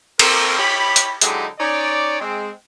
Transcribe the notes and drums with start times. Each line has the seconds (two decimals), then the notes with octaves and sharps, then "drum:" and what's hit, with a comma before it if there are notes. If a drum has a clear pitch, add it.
0.19 A#3 C4 A4 A#4, drum: cymbal
0.58 E4 G4 C#5 B5
0.96 drum: hi-hat
1.21 D3 F#3 G#3 D#4 E4 G4, drum: hi-hat
1.59 C#4 D#4 C#5 D5
2.20 G#3 C4